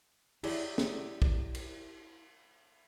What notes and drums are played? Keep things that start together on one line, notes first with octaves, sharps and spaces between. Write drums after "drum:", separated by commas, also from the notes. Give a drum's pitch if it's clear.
E4 G4 G#4 C#5 D5, drum: cymbal
drum: snare
drum: kick
drum: cymbal